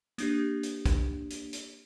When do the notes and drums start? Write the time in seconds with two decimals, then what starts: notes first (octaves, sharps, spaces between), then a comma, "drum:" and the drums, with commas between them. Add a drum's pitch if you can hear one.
0.18 A#3 D4 G4, drum: hi-hat
0.63 drum: hi-hat
0.86 drum: kick, hi-hat
1.30 drum: hi-hat
1.53 drum: hi-hat